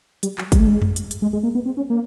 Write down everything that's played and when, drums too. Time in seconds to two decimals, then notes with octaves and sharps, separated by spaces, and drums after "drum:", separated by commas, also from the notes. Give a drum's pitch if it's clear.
0.23 G3, drum: hi-hat
0.38 F#3, drum: clap
0.52 G3, drum: kick, hi-hat
0.60 A3
0.67 G#3
0.82 drum: tom F2
0.96 drum: hi-hat
1.11 drum: hi-hat
1.22 G#3
1.33 G#3
1.43 A#3
1.55 B3
1.65 C4
1.77 C#4
1.90 A#3